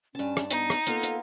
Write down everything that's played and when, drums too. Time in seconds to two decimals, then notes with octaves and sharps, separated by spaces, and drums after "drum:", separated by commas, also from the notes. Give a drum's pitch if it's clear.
0.15 G2 C#4 A5
0.37 drum: rim click
0.50 B3 D#4, drum: hi-hat
0.70 drum: rim click
0.87 A#3 B3 F4 A4, drum: hi-hat
1.03 drum: hi-hat